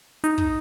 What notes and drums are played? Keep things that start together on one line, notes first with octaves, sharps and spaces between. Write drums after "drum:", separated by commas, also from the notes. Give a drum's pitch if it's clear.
D#4, drum: hi-hat
drum: kick